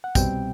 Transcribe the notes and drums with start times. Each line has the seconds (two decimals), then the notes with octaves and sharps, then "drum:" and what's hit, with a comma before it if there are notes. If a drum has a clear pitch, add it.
0.04 F#5
0.15 C2 B2 G3 C4 G5, drum: kick, tambourine